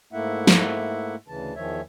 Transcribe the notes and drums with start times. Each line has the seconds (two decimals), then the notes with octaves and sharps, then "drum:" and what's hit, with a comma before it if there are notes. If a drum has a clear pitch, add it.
0.13 G#2 A3 A#3 E4 E5 F#5
0.47 drum: snare
1.28 D2 C#3 E3 A5
1.56 E2 D#3 F3 C#5 E5